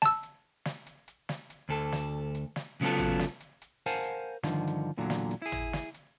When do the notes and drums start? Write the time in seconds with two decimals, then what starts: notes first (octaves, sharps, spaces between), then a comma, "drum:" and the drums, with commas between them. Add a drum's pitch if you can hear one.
0.02 A5 E6, drum: snare
0.23 drum: hi-hat
0.65 drum: snare
0.87 drum: hi-hat
1.08 drum: hi-hat
1.29 drum: snare
1.50 drum: hi-hat
1.69 D2 A4
1.92 drum: snare
2.35 drum: hi-hat
2.56 drum: snare
2.81 C#3 F#3 B3 F4 A4
2.98 drum: tom
3.19 drum: snare
3.40 drum: hi-hat
3.62 drum: hi-hat
3.86 A#4 C5 F5 F#5 G#5 A5
4.04 drum: hi-hat
4.43 G2 D3 D#3 F3, drum: snare
4.67 drum: hi-hat
4.97 E2 A#2 D3 F#3
5.10 drum: snare
5.31 drum: hi-hat
5.42 E4 G#4
5.52 drum: tom
5.73 drum: snare
5.94 drum: hi-hat